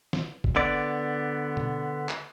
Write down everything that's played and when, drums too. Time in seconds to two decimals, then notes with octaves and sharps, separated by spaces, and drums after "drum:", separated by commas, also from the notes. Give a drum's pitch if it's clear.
0.13 drum: snare
0.44 drum: kick F#1
0.56 D3 B3 D5
1.57 drum: tom B2
2.09 drum: clap